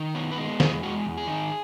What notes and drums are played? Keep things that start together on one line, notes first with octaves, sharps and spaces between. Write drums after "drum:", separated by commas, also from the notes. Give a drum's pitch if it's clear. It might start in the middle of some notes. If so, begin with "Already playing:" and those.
Already playing: D#3
B3 C#5
B4
G#3
E2, drum: snare
G#4
G#3 F#4
E2
G#4
D#3